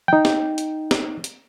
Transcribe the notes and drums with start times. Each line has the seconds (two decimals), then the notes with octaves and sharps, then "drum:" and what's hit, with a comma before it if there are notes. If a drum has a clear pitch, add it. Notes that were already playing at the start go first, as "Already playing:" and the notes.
0.08 D#4 G5
0.25 drum: snare
0.58 drum: hi-hat
0.91 drum: snare
1.24 drum: hi-hat